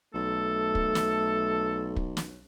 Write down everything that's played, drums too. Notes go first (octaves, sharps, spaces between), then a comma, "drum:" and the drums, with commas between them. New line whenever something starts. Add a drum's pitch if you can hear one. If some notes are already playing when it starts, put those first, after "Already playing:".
B1 A3 A4
drum: kick
drum: snare
drum: kick
drum: snare